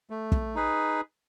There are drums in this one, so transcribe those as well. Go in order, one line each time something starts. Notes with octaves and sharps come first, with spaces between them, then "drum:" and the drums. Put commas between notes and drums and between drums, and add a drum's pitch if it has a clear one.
A3
drum: kick
D#4 G#4 B4